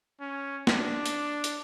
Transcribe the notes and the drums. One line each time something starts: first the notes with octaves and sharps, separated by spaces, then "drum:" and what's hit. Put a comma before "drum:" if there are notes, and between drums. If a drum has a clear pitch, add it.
C#4
D4, drum: snare
drum: hi-hat
drum: hi-hat